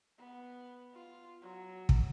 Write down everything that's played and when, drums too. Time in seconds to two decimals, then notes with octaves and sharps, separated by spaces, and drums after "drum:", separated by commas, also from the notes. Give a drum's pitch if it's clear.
0.18 B3
0.93 F4
1.42 F#3
1.89 drum: kick